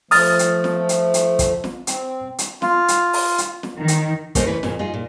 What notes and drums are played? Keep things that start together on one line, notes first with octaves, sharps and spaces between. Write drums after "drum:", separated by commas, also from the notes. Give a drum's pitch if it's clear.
F3 A3 D#6 F6 A6, drum: open hi-hat
drum: hi-hat
drum: snare
drum: hi-hat
drum: hi-hat
drum: kick, hi-hat
drum: snare
C4, drum: hi-hat
drum: hi-hat
F4, drum: snare
drum: hi-hat
drum: open hi-hat
drum: hi-hat
drum: snare
D#3
drum: hi-hat
A3 A#3 C#4 C5 D#5, drum: kick, hi-hat
C3 E3 C#4 E4 B4
F2 A#2 C#3, drum: snare
D#4 F4 G#4
A#2